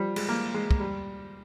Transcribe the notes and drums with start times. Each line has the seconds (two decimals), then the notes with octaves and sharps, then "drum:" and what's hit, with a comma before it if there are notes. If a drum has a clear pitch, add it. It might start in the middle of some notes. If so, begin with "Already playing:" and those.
Already playing: F3 G3
0.16 G#3, drum: cymbal
0.28 A#3
0.54 G#3
0.71 drum: kick
0.80 G3